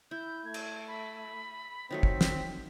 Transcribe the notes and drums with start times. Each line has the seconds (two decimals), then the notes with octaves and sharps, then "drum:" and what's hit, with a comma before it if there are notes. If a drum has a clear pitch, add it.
0.11 E4 G6
0.45 A3 G#6
0.54 drum: cymbal
0.88 B5
1.91 D#3 F#3 A3 C4 B6
2.03 drum: kick
2.21 drum: snare